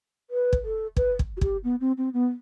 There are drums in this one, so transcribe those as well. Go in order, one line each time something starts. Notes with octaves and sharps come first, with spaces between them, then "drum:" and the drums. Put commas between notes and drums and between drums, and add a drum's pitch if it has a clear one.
B4
drum: kick
A4
B4, drum: kick
drum: kick
F#4
G4, drum: kick
B3
C4
C4
B3